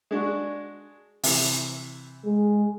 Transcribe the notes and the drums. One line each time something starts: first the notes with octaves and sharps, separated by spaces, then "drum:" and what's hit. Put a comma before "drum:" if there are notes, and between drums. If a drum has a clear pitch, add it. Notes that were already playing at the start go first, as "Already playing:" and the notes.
G#3 D4 F#4
C3 E3, drum: open hi-hat
G#3